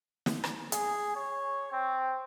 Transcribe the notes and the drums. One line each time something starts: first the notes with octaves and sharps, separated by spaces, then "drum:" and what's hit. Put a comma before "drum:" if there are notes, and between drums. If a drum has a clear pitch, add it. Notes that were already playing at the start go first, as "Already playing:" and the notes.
drum: snare
drum: rim click
G#4, drum: hi-hat
C#5
C4